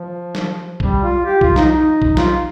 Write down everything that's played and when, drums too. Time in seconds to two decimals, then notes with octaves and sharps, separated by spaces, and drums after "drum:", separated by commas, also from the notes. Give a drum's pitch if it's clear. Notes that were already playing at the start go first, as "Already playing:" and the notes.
Already playing: F3
0.35 drum: snare
0.80 G3, drum: kick B1
1.03 F4
1.25 G4
1.41 F4, drum: kick B1
1.56 D#4, drum: snare
1.71 D#4
2.02 drum: kick B1
2.17 F4, drum: snare